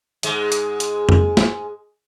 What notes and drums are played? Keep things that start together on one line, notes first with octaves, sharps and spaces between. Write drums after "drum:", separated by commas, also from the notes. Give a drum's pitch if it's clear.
G#2 G#3, drum: hi-hat
drum: hi-hat
drum: hi-hat
drum: tom F2
drum: snare